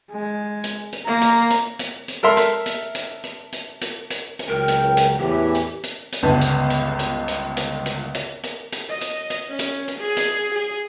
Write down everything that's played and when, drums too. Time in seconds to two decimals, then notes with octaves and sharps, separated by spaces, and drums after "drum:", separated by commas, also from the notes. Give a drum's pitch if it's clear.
0.11 G#3
0.64 drum: hi-hat
0.93 drum: hi-hat
1.07 A#3 A#5
1.21 drum: hi-hat
1.50 drum: hi-hat
1.79 drum: hi-hat
2.08 drum: hi-hat
2.23 A4 A#4 E5 C6 F6
2.37 drum: hi-hat
2.66 drum: hi-hat
2.95 drum: hi-hat
3.24 drum: hi-hat
3.52 drum: hi-hat
3.81 drum: hi-hat
4.10 drum: hi-hat
4.39 drum: hi-hat
4.48 C#2 F#3 A#4 G5
4.68 drum: hi-hat
4.97 drum: hi-hat
5.19 E2 A2 E3 G4
5.55 drum: hi-hat
5.84 drum: hi-hat
6.12 drum: hi-hat
6.23 G1 C#2 B3 D4 B4 A5
6.41 drum: hi-hat
6.70 drum: hi-hat
6.99 drum: hi-hat
7.28 drum: hi-hat
7.57 drum: hi-hat
7.86 drum: hi-hat
8.15 drum: hi-hat
8.43 drum: hi-hat
8.72 drum: hi-hat
8.90 D#5
9.01 drum: hi-hat
9.30 drum: hi-hat
9.49 C#4
9.59 drum: hi-hat
9.88 drum: hi-hat
9.99 G#4
10.17 drum: hi-hat
10.54 G#4